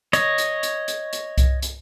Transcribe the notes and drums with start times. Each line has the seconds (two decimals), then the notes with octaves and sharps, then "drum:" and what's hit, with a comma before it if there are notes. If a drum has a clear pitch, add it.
0.13 C#5 D#5, drum: hi-hat
0.38 drum: hi-hat
0.63 drum: hi-hat
0.88 drum: hi-hat
1.13 drum: hi-hat
1.38 drum: kick C2, hi-hat
1.62 drum: hi-hat